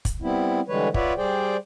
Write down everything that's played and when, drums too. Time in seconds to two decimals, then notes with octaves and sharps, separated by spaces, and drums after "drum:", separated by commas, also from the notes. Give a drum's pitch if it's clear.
0.05 drum: kick, hi-hat
0.22 G3 B3 C4 E4
0.68 D3 E3 G3 G#3 B4 C#5
0.94 F4 B4 C#5 D5 E5 F#5, drum: kick
1.17 G3 G#4 C5 D5 G5